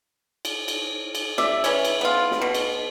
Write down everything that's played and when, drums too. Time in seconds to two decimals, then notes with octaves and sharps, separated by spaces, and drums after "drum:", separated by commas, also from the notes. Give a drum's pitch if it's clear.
0.45 drum: cymbal
0.68 drum: cymbal
1.15 drum: cymbal
1.38 D5 E5, drum: snare
1.64 E3 C#4 C#5, drum: cymbal
1.85 drum: cymbal
2.01 B3 F4
2.31 drum: snare
2.42 B2
2.54 drum: cymbal